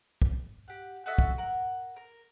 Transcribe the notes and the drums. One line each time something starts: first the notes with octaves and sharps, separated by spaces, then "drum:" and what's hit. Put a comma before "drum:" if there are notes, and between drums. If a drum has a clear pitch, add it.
drum: kick
G4 F#5
F#4 A4 D#5 E5
drum: kick
A#4 F#5
A#4